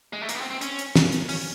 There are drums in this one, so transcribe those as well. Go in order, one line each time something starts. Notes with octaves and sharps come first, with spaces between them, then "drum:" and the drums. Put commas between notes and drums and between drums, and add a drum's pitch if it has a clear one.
G#3
A3
A#3, drum: hi-hat
B3
C4
C4
C#4, drum: hi-hat
drum: hi-hat
drum: snare
drum: hi-hat
C#4, drum: open hi-hat